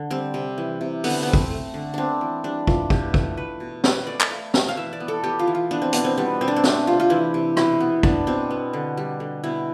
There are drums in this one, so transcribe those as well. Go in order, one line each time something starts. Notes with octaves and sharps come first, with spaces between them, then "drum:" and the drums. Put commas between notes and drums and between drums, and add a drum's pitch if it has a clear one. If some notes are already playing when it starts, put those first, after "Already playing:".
Already playing: D3
G3 C4
C3
E3
C3
D3 B3, drum: open hi-hat
A3 B3 C4
drum: kick
A3
D3
B3 C4 D4
E3
G3 D4
E3 F4, drum: kick
B2 G4, drum: kick
A3, drum: kick
A3 B4
B2
B2 B4, drum: snare
A3 D5
drum: clap
A3 F5
B2 F5, drum: snare
F5
E3 E5
D5
B3
A4
B3 G4
F4
E3
F4
B3 D4
C4
B2 B3, drum: hi-hat
C4
G3 B3
B2 C4
D4
C4
A3 D4, drum: snare
C3 F4
F4
E3 E4
C3
B2 E4, drum: rim click
B3
B3 D4, drum: kick
B2 C4
B3
D3
G3
D3
B2 E4